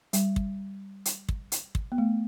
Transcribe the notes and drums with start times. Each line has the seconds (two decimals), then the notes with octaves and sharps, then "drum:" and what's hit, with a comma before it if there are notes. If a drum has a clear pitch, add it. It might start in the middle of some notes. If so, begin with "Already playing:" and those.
0.13 G3, drum: hi-hat
0.36 drum: kick
1.05 drum: hi-hat
1.29 drum: kick
1.52 drum: hi-hat
1.75 drum: kick
1.92 B3
1.98 A3